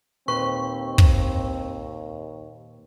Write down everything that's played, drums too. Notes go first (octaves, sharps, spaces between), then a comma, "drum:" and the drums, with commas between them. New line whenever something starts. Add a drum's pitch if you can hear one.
D#2 A#2 C4 B4 C5 C#6
drum: kick